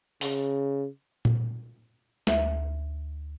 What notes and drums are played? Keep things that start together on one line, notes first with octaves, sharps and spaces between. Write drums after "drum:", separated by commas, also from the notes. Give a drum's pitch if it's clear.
C#3, drum: open hi-hat
drum: tom A#2
D2 E5, drum: snare